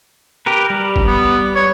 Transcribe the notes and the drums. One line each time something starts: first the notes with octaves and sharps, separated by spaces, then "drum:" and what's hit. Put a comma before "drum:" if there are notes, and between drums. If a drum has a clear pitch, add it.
G4 A#4 B4
G3
drum: kick G1
B3
C#5